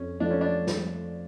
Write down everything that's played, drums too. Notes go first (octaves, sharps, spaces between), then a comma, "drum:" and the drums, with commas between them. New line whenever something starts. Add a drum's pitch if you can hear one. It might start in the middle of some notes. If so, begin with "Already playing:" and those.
Already playing: F2 C#4
F3 A3 D4
C#4
D4
drum: snare